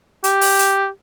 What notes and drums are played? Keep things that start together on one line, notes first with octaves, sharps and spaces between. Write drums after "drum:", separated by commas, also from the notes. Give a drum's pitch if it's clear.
G4, drum: hi-hat
drum: open hi-hat
drum: hi-hat